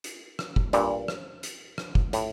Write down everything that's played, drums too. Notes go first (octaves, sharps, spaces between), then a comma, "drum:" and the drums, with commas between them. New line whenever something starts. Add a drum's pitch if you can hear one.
drum: hi-hat
drum: rim click
drum: kick
G2 A#2, drum: hi-hat
drum: rim click
drum: hi-hat
drum: rim click
drum: kick
A2, drum: hi-hat